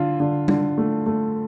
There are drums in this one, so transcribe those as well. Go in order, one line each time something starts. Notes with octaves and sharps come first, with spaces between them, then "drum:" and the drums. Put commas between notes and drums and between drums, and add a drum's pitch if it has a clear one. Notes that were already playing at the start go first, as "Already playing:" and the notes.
Already playing: D3 F4
D3
D3, drum: tom
A3
A3